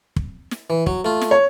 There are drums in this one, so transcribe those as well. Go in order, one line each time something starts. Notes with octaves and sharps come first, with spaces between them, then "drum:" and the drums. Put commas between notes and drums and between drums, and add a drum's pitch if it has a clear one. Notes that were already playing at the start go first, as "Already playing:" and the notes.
drum: kick
drum: snare
E3
F#3, drum: kick
A3 F4
drum: snare
C#5